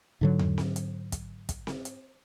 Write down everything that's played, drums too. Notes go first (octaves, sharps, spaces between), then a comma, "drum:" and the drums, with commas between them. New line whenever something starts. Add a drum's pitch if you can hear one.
G#2 D3 F#3
drum: tom E2
drum: snare C4
drum: hi-hat
drum: kick, hi-hat
drum: kick, hi-hat
drum: snare C4
drum: hi-hat